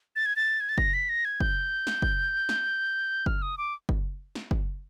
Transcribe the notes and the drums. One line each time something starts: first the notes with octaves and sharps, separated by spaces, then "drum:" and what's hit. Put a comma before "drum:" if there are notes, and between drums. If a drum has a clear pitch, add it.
A6
G#6
A6
G#6
A6
A#6, drum: kick F#1
B6
A#6
G#6
G6, drum: kick F#1
drum: snare
drum: kick F#1
drum: snare
F6, drum: kick F#1
D#6
D6
drum: kick F#1
drum: snare
drum: kick F#1